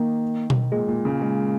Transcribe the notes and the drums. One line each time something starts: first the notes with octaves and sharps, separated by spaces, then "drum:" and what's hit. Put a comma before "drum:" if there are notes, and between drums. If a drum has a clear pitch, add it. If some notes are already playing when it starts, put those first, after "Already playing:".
Already playing: D#3 A#3
drum: tom B2
A#2 G#3
A#2
C#3
G#3